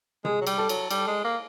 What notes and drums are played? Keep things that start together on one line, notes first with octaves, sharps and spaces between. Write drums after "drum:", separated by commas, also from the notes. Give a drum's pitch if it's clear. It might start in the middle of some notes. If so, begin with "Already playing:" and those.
G#3 G#4, drum: tom C3
F#3
G3, drum: cymbal
A4
F#3, drum: cymbal
G3, drum: cymbal
G#3
A#3